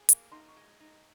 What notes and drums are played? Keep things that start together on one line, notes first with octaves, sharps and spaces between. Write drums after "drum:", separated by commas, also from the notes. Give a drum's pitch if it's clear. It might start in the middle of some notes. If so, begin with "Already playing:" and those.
Already playing: G#4
A#3, drum: hi-hat
D#4 C6
C#6
G#3
D#4